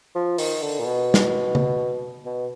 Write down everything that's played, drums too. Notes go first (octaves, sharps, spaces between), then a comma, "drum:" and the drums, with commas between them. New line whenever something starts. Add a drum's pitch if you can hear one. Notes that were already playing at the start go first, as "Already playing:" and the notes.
F3
D#3, drum: open hi-hat
D3
A#2
B2
drum: snare
drum: tom C#3
B2